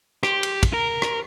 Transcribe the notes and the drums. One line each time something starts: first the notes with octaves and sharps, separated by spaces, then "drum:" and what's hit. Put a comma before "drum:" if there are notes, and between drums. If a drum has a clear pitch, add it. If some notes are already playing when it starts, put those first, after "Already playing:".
G4, drum: rim click
drum: cymbal
drum: kick, cymbal
A#4
drum: rim click